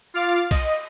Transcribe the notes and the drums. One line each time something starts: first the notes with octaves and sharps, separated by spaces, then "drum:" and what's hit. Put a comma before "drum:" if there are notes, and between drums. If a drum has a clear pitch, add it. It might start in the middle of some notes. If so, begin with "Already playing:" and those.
F4 F5 D6 F6 A6
D#5, drum: kick B1, cymbal